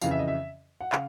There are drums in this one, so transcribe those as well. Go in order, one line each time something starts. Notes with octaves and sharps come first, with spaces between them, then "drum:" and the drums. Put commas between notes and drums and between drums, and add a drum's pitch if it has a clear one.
F2 C#3 E3 F5, drum: tambourine
E5
D#5
E5
F#5
C#3 F5, drum: clap